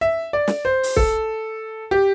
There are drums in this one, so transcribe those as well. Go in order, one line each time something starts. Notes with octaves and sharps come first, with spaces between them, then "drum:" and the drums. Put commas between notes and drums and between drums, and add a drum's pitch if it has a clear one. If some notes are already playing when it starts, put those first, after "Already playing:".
E5
D5
drum: snare
C5
drum: open hi-hat
A4, drum: kick
G4